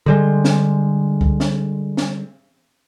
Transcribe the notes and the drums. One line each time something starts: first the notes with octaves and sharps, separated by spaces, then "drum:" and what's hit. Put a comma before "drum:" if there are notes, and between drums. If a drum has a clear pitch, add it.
D3 G3 G#3
drum: snare
drum: kick C#2
drum: snare
drum: snare